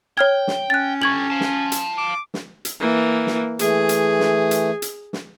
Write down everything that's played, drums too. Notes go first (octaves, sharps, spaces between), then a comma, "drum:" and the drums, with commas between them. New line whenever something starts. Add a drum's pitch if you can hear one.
C#5 G5 F6 G#6
drum: snare
C#4 F#6 A6
G4 A4 C#6 G#6 F#7
F5 A5
drum: snare
drum: hi-hat
D6
drum: snare
drum: hi-hat
E3 A#3
drum: snare
E3 A3 G#4, drum: hi-hat
drum: hi-hat
drum: snare
drum: hi-hat
drum: hi-hat
drum: snare